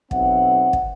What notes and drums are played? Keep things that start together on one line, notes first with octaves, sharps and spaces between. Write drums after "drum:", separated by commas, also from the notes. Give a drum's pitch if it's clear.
B1 C4 E5 F#5, drum: kick
drum: kick